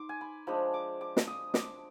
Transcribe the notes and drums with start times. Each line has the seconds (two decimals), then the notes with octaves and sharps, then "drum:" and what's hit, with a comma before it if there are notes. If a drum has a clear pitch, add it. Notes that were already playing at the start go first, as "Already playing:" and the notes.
Already playing: D#4 C6 D6
0.09 G#5
0.21 B5
0.47 F3 G#3 D4 B5
0.74 D6
1.01 D6
1.17 drum: snare
1.27 D#6
1.54 D6, drum: snare